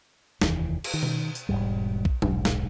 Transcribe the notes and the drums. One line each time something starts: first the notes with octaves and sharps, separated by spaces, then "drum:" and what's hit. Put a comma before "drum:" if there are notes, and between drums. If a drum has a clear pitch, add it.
F1 D#2 E3, drum: snare
drum: cymbal
D#3
drum: tom B2
drum: tambourine
E1 A#1 G#2 G3
drum: kick A#1
D#1 B1 G#2, drum: tom F#3
drum: snare